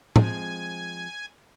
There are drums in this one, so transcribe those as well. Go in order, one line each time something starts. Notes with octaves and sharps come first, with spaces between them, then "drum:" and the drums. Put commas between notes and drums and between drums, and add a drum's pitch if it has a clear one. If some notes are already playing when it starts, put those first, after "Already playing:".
F3 G#3 C4 G#5, drum: tom A2